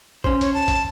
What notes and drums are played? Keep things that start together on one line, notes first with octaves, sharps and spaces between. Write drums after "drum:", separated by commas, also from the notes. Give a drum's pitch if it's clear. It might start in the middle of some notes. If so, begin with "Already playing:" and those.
C#4 C5, drum: kick
C#5, drum: hi-hat
A5
drum: kick, hi-hat